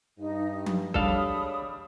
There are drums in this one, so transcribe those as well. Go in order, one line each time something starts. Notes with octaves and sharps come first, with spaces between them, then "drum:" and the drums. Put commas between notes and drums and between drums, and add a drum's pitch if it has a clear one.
G2 D#4
drum: tom F3
G3 G#3 D4 A4 C#5 F5 B5 D#6, drum: kick